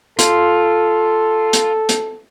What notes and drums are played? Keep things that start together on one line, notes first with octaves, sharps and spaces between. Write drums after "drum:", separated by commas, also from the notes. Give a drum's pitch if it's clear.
F4 A4, drum: hi-hat
drum: hi-hat
drum: hi-hat